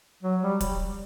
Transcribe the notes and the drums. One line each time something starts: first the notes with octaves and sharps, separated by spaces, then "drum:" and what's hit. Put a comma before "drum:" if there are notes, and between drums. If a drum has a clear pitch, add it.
F#3
G3
drum: kick, hi-hat